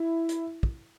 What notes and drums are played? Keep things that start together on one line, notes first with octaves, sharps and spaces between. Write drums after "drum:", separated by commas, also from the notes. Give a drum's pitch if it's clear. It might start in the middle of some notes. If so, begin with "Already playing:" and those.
Already playing: E4
drum: hi-hat
drum: kick